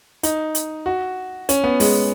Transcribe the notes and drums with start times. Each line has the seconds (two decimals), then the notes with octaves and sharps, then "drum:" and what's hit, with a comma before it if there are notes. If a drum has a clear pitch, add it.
0.23 D#4, drum: hi-hat
0.55 drum: hi-hat
0.86 F#4
1.49 C#4, drum: hi-hat
1.64 B3
1.80 G#3, drum: open hi-hat